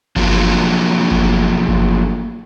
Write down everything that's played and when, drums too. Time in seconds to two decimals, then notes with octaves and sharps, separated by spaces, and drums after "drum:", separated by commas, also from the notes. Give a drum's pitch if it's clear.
0.16 F3 F#3 A3 A#3 F4, drum: kick G1
1.11 drum: kick G1
1.68 drum: kick G1